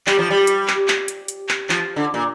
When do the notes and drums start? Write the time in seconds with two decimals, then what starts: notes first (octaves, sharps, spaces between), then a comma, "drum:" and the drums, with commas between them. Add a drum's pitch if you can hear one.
0.07 G3, drum: clap
0.18 F3
0.30 G3
0.47 drum: hi-hat
0.68 drum: clap
0.88 drum: clap
1.08 drum: hi-hat
1.28 drum: hi-hat
1.49 drum: clap
1.69 F3, drum: clap
1.96 D3
2.14 A#2